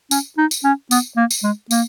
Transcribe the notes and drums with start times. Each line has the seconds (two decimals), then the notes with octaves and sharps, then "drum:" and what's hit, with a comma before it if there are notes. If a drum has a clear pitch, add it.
0.11 C#4, drum: tambourine
0.38 D#4
0.51 drum: tambourine
0.64 C#4
0.91 B3, drum: tambourine
1.17 A#3
1.31 drum: tambourine
1.43 G#3
1.71 A#3, drum: tambourine